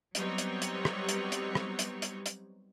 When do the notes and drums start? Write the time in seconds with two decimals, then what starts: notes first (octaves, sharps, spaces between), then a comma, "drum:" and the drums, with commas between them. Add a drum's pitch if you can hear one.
0.15 F#3 G3 B3 C4 D#4 C#5, drum: hi-hat
0.38 drum: hi-hat
0.62 drum: hi-hat
0.85 drum: rim click
1.09 drum: hi-hat
1.32 drum: hi-hat
1.55 drum: rim click
1.79 drum: hi-hat
2.02 drum: hi-hat
2.26 drum: hi-hat